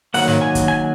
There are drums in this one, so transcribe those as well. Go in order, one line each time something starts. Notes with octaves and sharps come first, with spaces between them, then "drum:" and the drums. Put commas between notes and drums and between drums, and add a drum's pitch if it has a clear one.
D#3 F#3 A#3 F#5, drum: open hi-hat
drum: snare
G#5
drum: kick, hi-hat
G#5